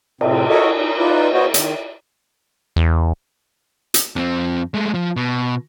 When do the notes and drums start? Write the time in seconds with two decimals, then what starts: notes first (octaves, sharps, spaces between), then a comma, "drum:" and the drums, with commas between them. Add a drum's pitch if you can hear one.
0.21 A2 C3 C4, drum: cymbal
0.49 F#4 A4 A#4 C#5 D#5 E5
0.76 D#4
0.97 D#4 F4 B4 D5
1.32 B3 F#4 C5 C#5 D#5
1.54 D#3, drum: hi-hat
2.76 E2
3.94 drum: hi-hat
4.16 F2 C4
4.74 G#3 A3
4.94 F3
5.16 B2